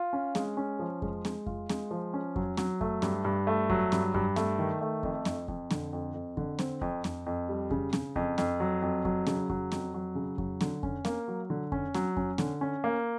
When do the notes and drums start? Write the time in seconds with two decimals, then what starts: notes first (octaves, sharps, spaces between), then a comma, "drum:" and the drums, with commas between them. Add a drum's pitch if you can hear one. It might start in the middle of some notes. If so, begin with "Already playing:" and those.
Already playing: F4
0.13 C#4
0.35 G#3, drum: snare C4
0.57 C#4
0.79 F3
1.02 G#3, drum: kick F2
1.25 G#3, drum: snare C4
1.46 F4, drum: kick F2
1.69 G#3, drum: snare C4
1.91 F3
2.13 C#4
2.36 F#3, drum: kick F2
2.57 F#3, drum: snare C4
2.81 A3, drum: kick F2
3.02 G2, drum: snare C4
3.25 G2
3.47 A3
3.70 F#3, drum: kick F2
3.92 G2, drum: snare C4
4.14 G2, drum: kick F2
4.36 A3, drum: snare C4
4.58 D#3
4.81 A3
5.03 F2, drum: kick F2
5.25 F2, drum: snare C4
5.48 F2, drum: kick F2
5.71 D3, drum: snare C4
5.93 F2
6.14 F2
6.37 D3, drum: kick F2
6.59 C4, drum: snare C4
6.81 F2, drum: kick F2
7.04 F2, drum: snare C4
7.26 F2
7.49 G3
7.71 C#3, drum: kick F2
7.93 C#3, drum: snare C4
8.16 F2, drum: kick F2
8.38 F2, drum: snare C4
8.60 F#3
8.82 F2
9.05 F#3, drum: kick F2
9.27 C#3, drum: snare C4
9.49 F#3, drum: kick F2
9.72 F2, drum: snare C4
9.94 F#3
10.15 C#3
10.38 F#3, drum: kick F2
10.61 D3, drum: snare C4
10.83 C#4, drum: kick F2
11.05 A#3, drum: snare C4
11.28 F#3
11.50 D3
11.72 C#4, drum: kick F2
11.94 F#3, drum: snare C4
12.17 C#4, drum: kick F2
12.38 D3, drum: snare C4
12.61 C#4
12.84 A#3